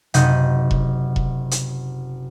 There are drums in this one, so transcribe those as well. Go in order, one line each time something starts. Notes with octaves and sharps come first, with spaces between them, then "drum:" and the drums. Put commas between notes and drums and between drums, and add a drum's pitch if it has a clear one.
F#1 C3 D#4 D#5 F#5 G6, drum: hi-hat
drum: kick E1
drum: kick E1
drum: hi-hat